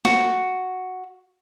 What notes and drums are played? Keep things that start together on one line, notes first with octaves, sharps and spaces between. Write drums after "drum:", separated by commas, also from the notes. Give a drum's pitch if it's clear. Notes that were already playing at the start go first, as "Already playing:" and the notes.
F#4, drum: snare